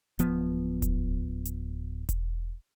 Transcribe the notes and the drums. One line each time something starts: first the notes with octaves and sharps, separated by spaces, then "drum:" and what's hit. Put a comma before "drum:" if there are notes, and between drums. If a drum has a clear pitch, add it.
D1 F3 B3, drum: hi-hat
drum: kick E1, hi-hat
drum: hi-hat
drum: kick E1, hi-hat